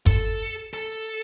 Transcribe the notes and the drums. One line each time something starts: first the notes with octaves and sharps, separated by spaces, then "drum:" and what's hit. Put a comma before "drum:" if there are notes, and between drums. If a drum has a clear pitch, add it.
A4, drum: kick
A4